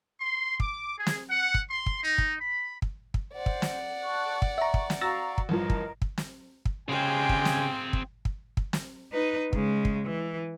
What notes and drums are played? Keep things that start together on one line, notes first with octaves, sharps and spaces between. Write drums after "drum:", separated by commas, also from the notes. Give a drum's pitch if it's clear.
C6
D6, drum: kick
G#4
drum: snare
F#5
drum: kick
C6
drum: kick
D#4
drum: kick
B5
drum: kick
drum: kick
C5 D5 F#5
drum: kick
drum: snare
A5 C#6 F#6
drum: kick
E5 A#5 C#6
drum: kick
drum: snare
F#4 F5 A#5 C#6 E6 A6 A#6
drum: kick
A1 G2 F3 A#4 D#5
drum: kick
drum: kick
drum: snare
drum: kick
C#3 G#3 C4 F4 G4 G#4 G5 G#5
drum: kick
drum: snare
drum: kick
drum: kick
drum: kick
drum: snare
D#4 B4
C#3 G#3, drum: kick
drum: kick
E3